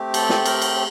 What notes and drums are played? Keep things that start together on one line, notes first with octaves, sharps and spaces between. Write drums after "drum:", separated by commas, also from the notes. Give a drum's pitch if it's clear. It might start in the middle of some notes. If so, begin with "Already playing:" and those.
Already playing: A3 C4 G4
A4, drum: cymbal
drum: snare
A#4, drum: cymbal
drum: cymbal